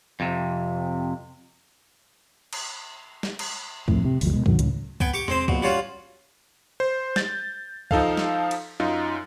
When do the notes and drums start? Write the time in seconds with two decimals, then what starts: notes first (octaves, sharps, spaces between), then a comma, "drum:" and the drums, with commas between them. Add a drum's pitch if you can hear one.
0.20 F2 C3
2.53 drum: cymbal
3.23 drum: snare
3.39 drum: cymbal
3.88 F2 A2, drum: kick C2
4.05 C3
4.21 G1 D2 F3, drum: open hi-hat
4.33 B2 G#3
4.46 G2 B2 D#3 F#3, drum: kick C2
4.59 C#2 A2, drum: hi-hat
5.00 B3 G5 G#5, drum: kick C2
5.14 G4 C#6 D6
5.28 G#3 C4 C5, drum: tom E2
5.48 A#1 B2, drum: kick C2
5.63 G3 C#4 F4 F#4
6.80 C5
7.16 G6 A6, drum: snare
7.91 F3 D#4 A4 F5, drum: kick C2
8.17 drum: snare
8.51 drum: cymbal
8.80 F#2 D#4 F4